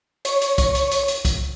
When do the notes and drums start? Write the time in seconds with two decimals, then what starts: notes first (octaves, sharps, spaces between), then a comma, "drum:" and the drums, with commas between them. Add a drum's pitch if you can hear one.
0.25 C#5, drum: hi-hat
0.42 drum: hi-hat
0.58 drum: kick, hi-hat
0.75 drum: hi-hat
0.91 drum: hi-hat
1.08 drum: hi-hat
1.25 drum: kick, hi-hat